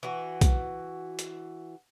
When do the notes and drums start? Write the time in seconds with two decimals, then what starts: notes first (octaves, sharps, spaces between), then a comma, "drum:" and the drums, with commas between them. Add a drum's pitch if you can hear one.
0.03 E3 F#4
0.41 drum: kick B1, hi-hat
1.19 drum: hi-hat